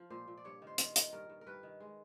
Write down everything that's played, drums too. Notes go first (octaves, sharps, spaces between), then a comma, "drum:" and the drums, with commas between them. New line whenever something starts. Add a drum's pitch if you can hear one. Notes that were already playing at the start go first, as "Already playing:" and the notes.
Already playing: F3
A#2 C5
A#2
D5
G2 C#5
D#3
C5
D#3, drum: hi-hat
D#3, drum: hi-hat
G2 A#4
G2
A#4
G2 B4
D#3
G#3